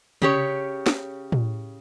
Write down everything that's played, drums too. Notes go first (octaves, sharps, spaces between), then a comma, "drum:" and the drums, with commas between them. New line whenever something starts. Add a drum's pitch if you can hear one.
C#3 G4 C#5, drum: tom C3
drum: snare
drum: tom A2